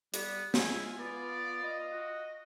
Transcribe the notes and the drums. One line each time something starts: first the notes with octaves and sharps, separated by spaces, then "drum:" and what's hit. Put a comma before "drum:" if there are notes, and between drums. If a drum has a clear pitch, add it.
G3 B3, drum: hi-hat
G#3 E4 F4 G#5, drum: snare
B3 F4 D5
D#5
F#4